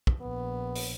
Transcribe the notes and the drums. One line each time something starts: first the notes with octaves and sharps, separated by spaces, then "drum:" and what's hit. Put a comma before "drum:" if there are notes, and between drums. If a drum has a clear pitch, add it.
drum: kick
A#1 B3
drum: open hi-hat